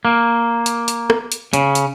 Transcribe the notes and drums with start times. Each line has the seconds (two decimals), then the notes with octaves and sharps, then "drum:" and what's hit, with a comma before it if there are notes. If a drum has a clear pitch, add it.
0.05 A#3
0.66 drum: hi-hat
0.88 drum: hi-hat
1.10 drum: rim click
1.32 drum: hi-hat
1.53 C#3, drum: hi-hat
1.75 drum: hi-hat